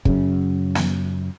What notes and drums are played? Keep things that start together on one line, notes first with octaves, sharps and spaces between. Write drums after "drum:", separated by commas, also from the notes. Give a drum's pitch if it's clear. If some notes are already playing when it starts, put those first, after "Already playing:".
F#2 C#3, drum: kick
drum: snare